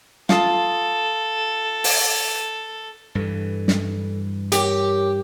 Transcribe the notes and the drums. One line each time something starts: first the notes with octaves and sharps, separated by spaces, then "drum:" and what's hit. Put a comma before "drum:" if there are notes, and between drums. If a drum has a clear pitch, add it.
F4 A4 A5 D#6, drum: snare
drum: open hi-hat
G2 E3 A4
drum: snare
G4 A#4 C#5 D6, drum: hi-hat